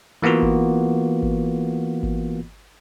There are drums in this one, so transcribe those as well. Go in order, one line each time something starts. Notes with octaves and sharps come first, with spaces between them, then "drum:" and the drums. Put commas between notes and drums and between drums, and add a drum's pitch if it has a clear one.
E3 A#3 B3 F4 F#4
drum: kick G#1
drum: kick G#1
drum: kick G#1